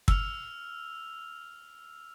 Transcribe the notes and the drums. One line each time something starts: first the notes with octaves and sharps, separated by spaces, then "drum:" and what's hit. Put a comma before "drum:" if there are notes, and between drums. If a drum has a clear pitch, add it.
E6 F6 F7, drum: kick